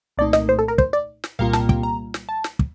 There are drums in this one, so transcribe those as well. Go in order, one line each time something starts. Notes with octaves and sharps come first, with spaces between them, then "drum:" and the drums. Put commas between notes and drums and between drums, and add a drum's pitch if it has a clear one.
C2 A#2 A3 D#4 D5
D#5, drum: snare
C5
A4
A#4
C5, drum: kick
D5
drum: snare
C2 A#2 G3 A#3 F4 F5
A5, drum: snare
G5, drum: kick
A#5
drum: snare
A5
drum: snare
drum: kick